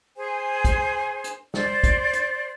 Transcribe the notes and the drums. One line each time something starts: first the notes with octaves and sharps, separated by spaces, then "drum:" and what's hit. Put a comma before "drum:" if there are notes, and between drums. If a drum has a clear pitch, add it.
G#4 C5 G#5
drum: kick, hi-hat
drum: hi-hat
C5 D5, drum: snare
drum: kick, hi-hat
drum: hi-hat